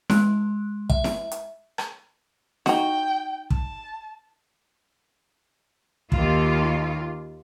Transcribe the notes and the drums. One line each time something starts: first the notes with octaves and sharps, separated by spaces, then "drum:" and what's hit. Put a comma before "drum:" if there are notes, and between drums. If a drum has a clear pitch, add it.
G#3, drum: snare E4
E5, drum: kick
drum: snare E4
drum: hi-hat
drum: rim click
D#4 F#4 G5, drum: snare E4
A5, drum: kick
D#2 F4, drum: kick